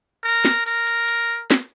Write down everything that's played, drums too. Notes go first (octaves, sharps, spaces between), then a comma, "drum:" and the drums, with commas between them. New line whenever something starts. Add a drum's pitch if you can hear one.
A#4
drum: snare
A#4, drum: open hi-hat
drum: hi-hat
drum: hi-hat
drum: snare